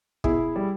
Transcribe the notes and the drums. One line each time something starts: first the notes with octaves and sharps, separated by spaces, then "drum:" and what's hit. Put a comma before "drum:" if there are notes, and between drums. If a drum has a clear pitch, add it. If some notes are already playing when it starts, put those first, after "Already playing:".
B2 E4 G#4, drum: kick
G3